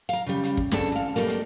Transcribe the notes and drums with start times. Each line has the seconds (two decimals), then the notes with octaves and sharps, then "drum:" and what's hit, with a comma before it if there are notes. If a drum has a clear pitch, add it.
0.09 F5 A#5
0.27 C#3 G3
0.43 drum: hi-hat
0.57 drum: kick
0.72 G2 C#3 C4 D4 A4 A5, drum: snare
0.92 E3 F5
1.16 B2 F3 G3 A3 A#3
1.28 drum: hi-hat